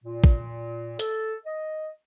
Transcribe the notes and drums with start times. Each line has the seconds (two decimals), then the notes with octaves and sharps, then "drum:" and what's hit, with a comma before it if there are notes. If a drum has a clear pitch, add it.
0.04 A#2
0.24 drum: kick
0.99 A4, drum: hi-hat
1.46 D#5